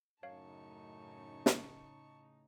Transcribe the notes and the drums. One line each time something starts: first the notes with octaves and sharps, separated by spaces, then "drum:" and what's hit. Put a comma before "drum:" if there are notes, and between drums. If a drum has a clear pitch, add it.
F#2 A2 C#3 D#4 C#5 F5 A5 C#6
drum: snare